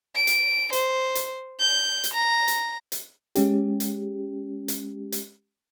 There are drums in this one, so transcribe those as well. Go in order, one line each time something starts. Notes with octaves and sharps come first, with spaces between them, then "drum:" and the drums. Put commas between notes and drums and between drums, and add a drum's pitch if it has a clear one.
D7
drum: hi-hat
C5, drum: hi-hat
drum: hi-hat
G6
drum: hi-hat
A#5
drum: hi-hat
drum: hi-hat
G#3 C#4 G4, drum: hi-hat
drum: hi-hat
drum: hi-hat
drum: hi-hat